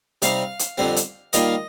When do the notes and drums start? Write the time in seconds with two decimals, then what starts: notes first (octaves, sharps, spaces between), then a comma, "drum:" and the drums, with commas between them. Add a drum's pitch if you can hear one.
0.22 C3 G3 C4 D#4 F5, drum: hi-hat
0.59 drum: hi-hat
0.78 F2 D3 G3 C4
0.96 drum: hi-hat
1.33 D#3 G3 A#3 F4 D#5, drum: hi-hat